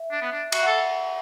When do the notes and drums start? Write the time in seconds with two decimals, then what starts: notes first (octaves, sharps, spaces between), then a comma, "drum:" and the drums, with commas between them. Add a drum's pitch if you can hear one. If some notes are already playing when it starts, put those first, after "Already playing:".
Already playing: E5
0.12 D4
0.22 B3
0.32 D4
0.52 F#4 E5, drum: cymbal
0.62 A4 F#5